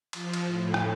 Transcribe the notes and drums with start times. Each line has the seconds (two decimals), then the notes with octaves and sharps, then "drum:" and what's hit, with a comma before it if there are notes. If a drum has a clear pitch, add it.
0.13 F3, drum: cymbal
0.33 drum: cymbal
0.46 A2
0.74 drum: rim click